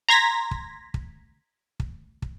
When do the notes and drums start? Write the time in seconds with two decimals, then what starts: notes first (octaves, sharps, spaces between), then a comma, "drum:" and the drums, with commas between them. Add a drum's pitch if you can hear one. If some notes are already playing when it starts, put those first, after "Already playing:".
0.09 A#5 C6 G#6 A#6 B6
0.51 drum: kick
0.94 drum: kick
1.80 drum: kick
2.22 drum: kick